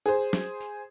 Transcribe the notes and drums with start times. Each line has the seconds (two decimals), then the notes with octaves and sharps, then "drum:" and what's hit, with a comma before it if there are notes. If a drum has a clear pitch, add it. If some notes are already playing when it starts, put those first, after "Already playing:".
0.06 G#4 C5
0.33 drum: snare
0.61 drum: tambourine